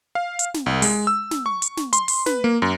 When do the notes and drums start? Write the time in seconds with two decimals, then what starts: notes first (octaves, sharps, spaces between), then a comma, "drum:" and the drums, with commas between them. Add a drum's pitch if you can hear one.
0.15 F5
0.39 drum: hi-hat
0.54 drum: snare
0.66 C2
0.82 G#3, drum: open hi-hat
1.07 E6
1.31 drum: snare
1.46 C#6
1.62 drum: hi-hat
1.77 drum: snare
1.93 C6, drum: hi-hat
2.08 drum: open hi-hat
2.26 B4, drum: snare
2.44 A#3
2.62 F#2